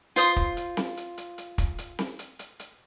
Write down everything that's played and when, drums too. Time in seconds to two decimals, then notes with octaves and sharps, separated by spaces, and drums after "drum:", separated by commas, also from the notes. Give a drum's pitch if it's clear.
0.16 F4 C5 D#6, drum: hi-hat
0.36 drum: kick
0.57 drum: hi-hat
0.77 drum: snare C4
0.97 drum: hi-hat
1.18 drum: hi-hat
1.38 drum: hi-hat
1.58 drum: kick, hi-hat
1.78 drum: hi-hat
1.99 drum: snare C4
2.19 drum: hi-hat
2.39 drum: hi-hat
2.59 drum: hi-hat